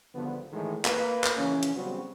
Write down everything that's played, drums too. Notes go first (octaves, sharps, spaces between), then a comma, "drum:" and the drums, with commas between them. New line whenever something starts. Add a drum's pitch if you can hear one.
G#1 G2 D3 F3 B3
A2 D#3 E3 G#3
A#3 B4, drum: clap
drum: clap
A#1 C#3 E3 C#4
drum: hi-hat
C#3 F#3 G3 B3 C4 F#4